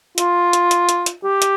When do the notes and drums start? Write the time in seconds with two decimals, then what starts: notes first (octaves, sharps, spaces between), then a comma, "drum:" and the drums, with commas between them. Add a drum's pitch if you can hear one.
0.18 F4, drum: hi-hat
0.53 drum: hi-hat
0.71 drum: hi-hat
0.89 drum: hi-hat
1.06 drum: hi-hat
1.24 G4
1.42 drum: hi-hat